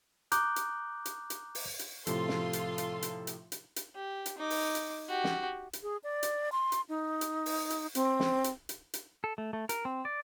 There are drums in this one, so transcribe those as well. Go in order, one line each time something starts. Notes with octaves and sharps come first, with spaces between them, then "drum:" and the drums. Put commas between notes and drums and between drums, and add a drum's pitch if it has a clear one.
A#5 D6 D#6 F#6 G6, drum: hi-hat
drum: hi-hat
drum: hi-hat
drum: hi-hat
drum: open hi-hat
drum: hi-hat
A2 C3 F3 F4 A4 C6, drum: hi-hat
drum: snare
drum: hi-hat
drum: hi-hat
drum: hi-hat
drum: hi-hat
drum: hi-hat
drum: hi-hat
G4
drum: hi-hat
D#4 D6
drum: open hi-hat
drum: hi-hat
F#4 G4
drum: snare
drum: hi-hat
G#4
D5
drum: hi-hat
C6
drum: hi-hat
D#4
drum: hi-hat
drum: open hi-hat
drum: hi-hat
C4, drum: hi-hat
drum: snare
drum: hi-hat
drum: hi-hat
drum: hi-hat
A4
A3
A3
A#4, drum: hi-hat
C4
D5